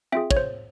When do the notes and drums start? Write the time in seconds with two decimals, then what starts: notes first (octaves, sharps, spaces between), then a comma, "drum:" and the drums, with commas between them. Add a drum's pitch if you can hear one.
0.12 C4 F4 G#4 E5 G5
0.31 C#5, drum: kick
0.37 C5